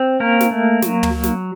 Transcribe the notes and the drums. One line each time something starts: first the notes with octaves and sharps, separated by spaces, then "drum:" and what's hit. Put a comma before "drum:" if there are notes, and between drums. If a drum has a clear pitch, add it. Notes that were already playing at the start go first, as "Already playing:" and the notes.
Already playing: C4
A#3 C#4 A#4
drum: snare
A3
F#3, drum: snare
drum: tom
F#3
drum: snare